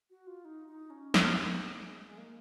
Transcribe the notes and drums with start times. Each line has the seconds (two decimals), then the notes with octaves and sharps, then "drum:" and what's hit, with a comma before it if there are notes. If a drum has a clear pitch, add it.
0.10 F#4
0.27 F4
0.45 D#4
0.68 D#4
0.90 C#4
1.14 B3, drum: snare
1.37 A#3
1.60 G#3
1.83 G#3
2.07 G#3
2.18 A#3